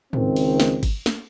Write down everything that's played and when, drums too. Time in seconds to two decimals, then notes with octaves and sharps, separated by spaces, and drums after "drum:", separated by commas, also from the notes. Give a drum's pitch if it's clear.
0.13 C#2 D#3 C4, drum: tom
0.36 drum: cymbal
0.60 drum: snare
0.83 drum: kick G1, cymbal
1.06 drum: snare